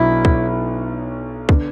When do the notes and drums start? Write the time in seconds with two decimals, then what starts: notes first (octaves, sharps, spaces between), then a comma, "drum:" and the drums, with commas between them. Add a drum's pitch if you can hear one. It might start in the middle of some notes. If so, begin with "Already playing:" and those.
Already playing: B1 B2 F#3 B3 D4 E4
0.25 drum: kick
1.49 D3 B3 D4, drum: kick